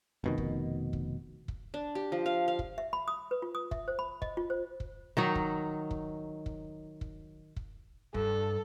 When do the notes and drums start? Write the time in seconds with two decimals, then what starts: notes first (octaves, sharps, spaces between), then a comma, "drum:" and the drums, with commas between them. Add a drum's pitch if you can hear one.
0.24 F1 B2 D#3
0.38 drum: kick
0.93 drum: kick
1.48 drum: kick
1.74 D4
1.95 G4
2.12 F3
2.26 F5
2.48 F5
2.59 drum: kick
2.78 E5
2.93 B5
3.08 D#6
3.31 B4
3.42 F4
3.55 D#6
3.71 E5, drum: kick
3.88 C5
3.99 B5
4.22 D#5, drum: kick
4.37 F4
4.50 C5
4.80 drum: kick
5.17 D#3 F#3 D#4
5.35 drum: kick
5.91 drum: kick
6.46 drum: kick
7.01 drum: kick
7.56 drum: kick
8.14 G2 A4, drum: kick